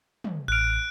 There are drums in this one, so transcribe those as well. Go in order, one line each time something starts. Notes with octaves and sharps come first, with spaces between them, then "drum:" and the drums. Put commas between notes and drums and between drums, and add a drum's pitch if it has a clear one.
drum: tom
A1 F6 F#6 D7